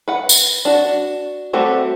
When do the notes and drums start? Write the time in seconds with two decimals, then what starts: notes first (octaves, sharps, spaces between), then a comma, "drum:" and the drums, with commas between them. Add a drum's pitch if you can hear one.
0.08 B4 F#5
0.29 drum: tambourine
0.65 D4 F#4
1.53 G3 A3 C4 F#4 A4